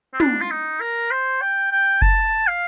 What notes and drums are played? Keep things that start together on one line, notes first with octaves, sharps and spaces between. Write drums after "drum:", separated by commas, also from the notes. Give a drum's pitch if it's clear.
C4
D4, drum: tom
F4
D#4
A#4
C5
G5
G5
A5, drum: kick F#1
F5